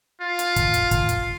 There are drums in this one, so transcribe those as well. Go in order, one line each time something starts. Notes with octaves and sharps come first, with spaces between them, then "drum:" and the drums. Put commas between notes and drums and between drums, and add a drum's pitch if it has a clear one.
F4
drum: hi-hat
drum: kick, hi-hat
drum: hi-hat
drum: kick, hi-hat
drum: hi-hat